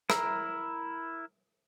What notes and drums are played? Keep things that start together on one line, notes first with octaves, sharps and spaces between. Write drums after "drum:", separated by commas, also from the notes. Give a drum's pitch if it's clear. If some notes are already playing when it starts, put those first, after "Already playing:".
E4 A#4 A#5 E6, drum: rim click